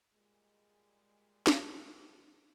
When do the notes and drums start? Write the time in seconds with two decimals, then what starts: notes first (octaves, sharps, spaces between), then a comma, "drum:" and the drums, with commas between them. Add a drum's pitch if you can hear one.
0.13 A#2 G3 G#3
1.47 drum: snare